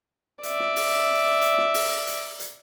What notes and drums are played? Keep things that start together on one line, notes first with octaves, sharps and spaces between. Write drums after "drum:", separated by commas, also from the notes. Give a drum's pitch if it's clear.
D5 E5, drum: hi-hat
drum: snare
drum: open hi-hat
drum: hi-hat
drum: snare
drum: open hi-hat
drum: hi-hat
drum: hi-hat